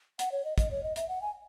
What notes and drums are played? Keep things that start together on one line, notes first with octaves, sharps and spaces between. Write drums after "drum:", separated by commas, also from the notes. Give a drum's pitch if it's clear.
F#5, drum: hi-hat
C#5
D#5
D#5, drum: kick, hi-hat
C#5
D#5
E5, drum: hi-hat
F#5
G#5